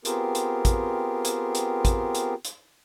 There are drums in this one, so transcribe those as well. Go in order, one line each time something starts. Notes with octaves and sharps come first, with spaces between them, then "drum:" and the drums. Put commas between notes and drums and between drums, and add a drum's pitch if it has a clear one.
B3 C4 F4 G4 G#4 A#4, drum: hi-hat
drum: hi-hat
drum: kick, hi-hat
drum: hi-hat
drum: hi-hat
drum: kick, hi-hat
drum: hi-hat
drum: hi-hat